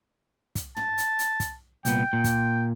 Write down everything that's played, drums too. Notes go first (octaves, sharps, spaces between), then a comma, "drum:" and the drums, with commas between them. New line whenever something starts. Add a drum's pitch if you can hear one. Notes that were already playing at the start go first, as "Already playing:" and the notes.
drum: kick, hi-hat
A5, drum: tom
drum: hi-hat
drum: hi-hat
drum: kick, hi-hat
C2 A#2 B3 G5, drum: hi-hat
A#2
drum: kick, hi-hat